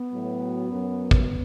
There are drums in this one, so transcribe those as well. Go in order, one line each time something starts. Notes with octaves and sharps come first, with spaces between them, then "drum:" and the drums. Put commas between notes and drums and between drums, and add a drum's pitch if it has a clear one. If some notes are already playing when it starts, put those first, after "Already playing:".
Already playing: B3
A2 F#3
F#2 F#3
drum: kick